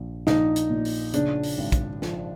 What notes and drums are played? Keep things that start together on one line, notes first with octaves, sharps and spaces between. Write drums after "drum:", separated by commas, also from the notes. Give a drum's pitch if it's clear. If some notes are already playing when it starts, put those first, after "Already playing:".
Already playing: A#1
A#1 D#4, drum: snare
drum: hi-hat
A#2
drum: open hi-hat
C#3 D4, drum: hi-hat
drum: open hi-hat
G#1
drum: kick, hi-hat
F3, drum: snare